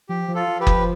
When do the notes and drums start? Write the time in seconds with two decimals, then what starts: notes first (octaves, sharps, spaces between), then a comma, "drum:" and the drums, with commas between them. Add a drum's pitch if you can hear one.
0.09 F3 G4
0.28 F3
0.35 F4 A4
0.48 F3
0.60 G4 B4
0.67 F3, drum: kick F#1